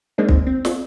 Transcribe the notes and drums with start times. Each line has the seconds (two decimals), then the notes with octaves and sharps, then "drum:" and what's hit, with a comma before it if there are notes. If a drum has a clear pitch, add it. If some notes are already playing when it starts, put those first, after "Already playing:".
0.18 G#3 A#3 C4 D4 D#4
0.29 drum: kick
0.47 C4
0.65 drum: snare